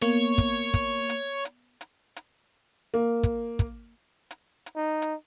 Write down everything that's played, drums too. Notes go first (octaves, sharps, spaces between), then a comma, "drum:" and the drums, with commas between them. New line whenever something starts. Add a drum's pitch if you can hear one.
A#3 B3 C#5, drum: hi-hat
drum: kick, hi-hat
drum: kick, hi-hat
drum: hi-hat
drum: hi-hat
drum: hi-hat
drum: hi-hat
A#3
drum: kick, hi-hat
drum: kick, hi-hat
drum: hi-hat
drum: hi-hat
D#4
drum: hi-hat